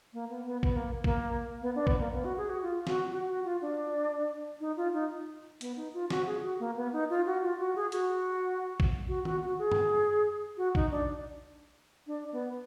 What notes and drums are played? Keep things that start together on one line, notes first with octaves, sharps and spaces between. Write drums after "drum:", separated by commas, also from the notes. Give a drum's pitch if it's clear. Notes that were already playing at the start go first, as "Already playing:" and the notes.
A#3
B3
B3
B3, drum: kick A#1
A#3
A#3, drum: kick A#1
B3
D4
B3, drum: kick A#1
A#3
B3
F#4
G#4
F#4
F4
F#4, drum: snare
F#4
F#4
F4
D4
D#4
F4
D#4
B3, drum: hi-hat
D#4
F4
F#4, drum: snare
G#4
F#4
A#3
B3
D#4
F4
F#4
F4
F#4
G#4
F#4, drum: hi-hat
drum: kick A#1
F#4
F#4, drum: tom D#3
F#4
G#4
drum: tom F#2
F#4
D#4, drum: kick A#1
D4
D4
B3